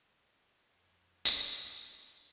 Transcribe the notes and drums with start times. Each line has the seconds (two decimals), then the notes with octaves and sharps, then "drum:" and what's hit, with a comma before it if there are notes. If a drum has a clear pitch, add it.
0.72 F2 F#6 G#6
1.25 D4, drum: tambourine
1.92 A#5